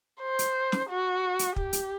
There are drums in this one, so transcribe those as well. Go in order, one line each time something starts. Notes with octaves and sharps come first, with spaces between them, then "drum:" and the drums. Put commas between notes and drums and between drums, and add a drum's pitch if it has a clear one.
C5
drum: hi-hat
drum: snare
F#4
drum: hi-hat
G4, drum: kick
drum: hi-hat